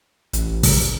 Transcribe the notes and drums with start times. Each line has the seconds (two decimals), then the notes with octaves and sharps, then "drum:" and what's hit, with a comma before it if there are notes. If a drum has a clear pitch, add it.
0.33 A1, drum: hi-hat
0.63 drum: kick, open hi-hat